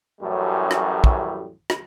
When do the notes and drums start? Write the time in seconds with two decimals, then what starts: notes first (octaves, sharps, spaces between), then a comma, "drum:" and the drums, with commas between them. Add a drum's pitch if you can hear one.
0.21 A1 F#2 A2 F#3 G3
0.71 drum: rim click
1.04 drum: kick
1.70 drum: rim click